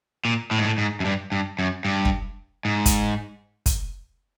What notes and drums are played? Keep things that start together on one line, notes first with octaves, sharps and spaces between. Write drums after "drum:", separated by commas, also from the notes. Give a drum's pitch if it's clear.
A#2
A2
G#2
A2
G#2
F#2
G2
G2
F#2
G2
drum: kick
G#2
drum: kick, hi-hat
drum: kick, hi-hat